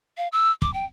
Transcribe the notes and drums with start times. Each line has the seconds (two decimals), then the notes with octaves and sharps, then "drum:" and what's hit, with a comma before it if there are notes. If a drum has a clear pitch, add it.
0.17 F5
0.32 E6
0.62 D6, drum: kick
0.74 G5